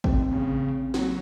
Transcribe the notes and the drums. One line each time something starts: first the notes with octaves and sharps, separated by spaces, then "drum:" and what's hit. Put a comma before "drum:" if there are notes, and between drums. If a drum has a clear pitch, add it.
A1 D#2 C4, drum: kick
C#3
F#3, drum: snare